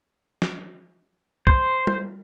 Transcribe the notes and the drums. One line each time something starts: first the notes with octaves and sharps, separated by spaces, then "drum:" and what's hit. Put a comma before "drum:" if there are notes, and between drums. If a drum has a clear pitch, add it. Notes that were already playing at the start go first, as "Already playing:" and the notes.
drum: snare
C5, drum: kick
drum: tom